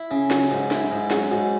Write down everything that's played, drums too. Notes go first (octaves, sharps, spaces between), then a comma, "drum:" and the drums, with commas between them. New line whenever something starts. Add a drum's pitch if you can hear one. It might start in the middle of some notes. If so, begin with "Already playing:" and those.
Already playing: E4
C#3 C#4
F#3 F#4, drum: snare
G#2
E4, drum: snare
G#2
F#3 G#4, drum: snare
G#2 F#4